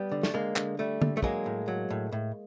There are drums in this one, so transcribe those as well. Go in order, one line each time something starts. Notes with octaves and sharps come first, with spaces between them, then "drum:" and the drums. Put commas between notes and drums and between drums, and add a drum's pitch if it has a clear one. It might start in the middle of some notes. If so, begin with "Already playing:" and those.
Already playing: G3 B3
D3
A3, drum: snare
D3 G#3 A#3
D3, drum: clap
G3 A3
D3, drum: tom D3
A3
F#3 G#3 A#3, drum: kick
A2
F#3
A2
A2